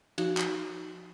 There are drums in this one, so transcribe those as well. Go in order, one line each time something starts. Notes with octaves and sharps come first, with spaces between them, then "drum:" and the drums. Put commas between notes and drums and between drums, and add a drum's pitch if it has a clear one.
F3 D#4 F#4, drum: cymbal
drum: clap